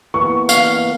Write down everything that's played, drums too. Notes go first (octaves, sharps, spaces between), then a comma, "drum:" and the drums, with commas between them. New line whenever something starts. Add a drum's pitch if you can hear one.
E3 A#3 B3 C#6
F5, drum: tambourine